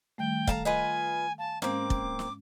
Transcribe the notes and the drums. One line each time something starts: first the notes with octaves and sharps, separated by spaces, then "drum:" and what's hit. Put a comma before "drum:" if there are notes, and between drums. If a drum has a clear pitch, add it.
D#3 G3 A3 G5
A4 F5 A5 A#5, drum: kick
F4 B4 D#5 G#5
F5 G#5 A5
G#2 G#3 A#3 C4 C#4 D6, drum: snare
drum: kick
drum: snare